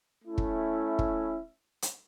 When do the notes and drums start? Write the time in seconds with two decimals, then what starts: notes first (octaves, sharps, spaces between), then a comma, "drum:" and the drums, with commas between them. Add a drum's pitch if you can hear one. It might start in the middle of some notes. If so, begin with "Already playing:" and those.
0.25 A3 C#4 E4
0.38 drum: kick
0.99 drum: kick
1.82 drum: hi-hat